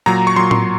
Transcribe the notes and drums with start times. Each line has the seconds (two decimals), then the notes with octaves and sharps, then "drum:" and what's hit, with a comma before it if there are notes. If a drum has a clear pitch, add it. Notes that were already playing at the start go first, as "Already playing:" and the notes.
0.06 A#2 F#3 A#5
0.27 C#6
0.36 A#2 F#3 C6
0.51 C6, drum: tom A2